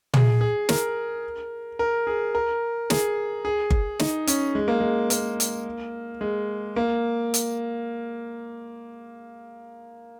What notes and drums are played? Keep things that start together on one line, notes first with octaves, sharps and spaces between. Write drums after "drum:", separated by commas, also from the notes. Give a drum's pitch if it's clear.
G#4, drum: tom
G#4
A#4, drum: snare
A#4
G#4
A#4
G#4, drum: snare
G#4
drum: kick G1
D#4, drum: snare
C#4, drum: hi-hat
G#3
A#3
G#3
A#3, drum: hi-hat
drum: hi-hat
G#3
A#3
drum: hi-hat